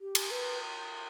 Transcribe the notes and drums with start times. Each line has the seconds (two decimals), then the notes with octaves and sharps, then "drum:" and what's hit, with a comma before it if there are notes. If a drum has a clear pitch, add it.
0.01 G4
0.15 drum: cymbal
0.31 B4